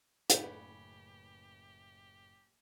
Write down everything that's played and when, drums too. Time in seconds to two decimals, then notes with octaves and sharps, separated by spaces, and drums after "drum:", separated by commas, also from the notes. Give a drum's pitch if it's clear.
0.30 F#1 A2 C#3 G4 B4 G6 D7, drum: hi-hat